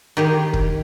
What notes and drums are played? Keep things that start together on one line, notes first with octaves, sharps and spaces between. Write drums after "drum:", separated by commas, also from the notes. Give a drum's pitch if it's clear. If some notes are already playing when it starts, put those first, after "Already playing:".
D#3 G4 G#4
drum: kick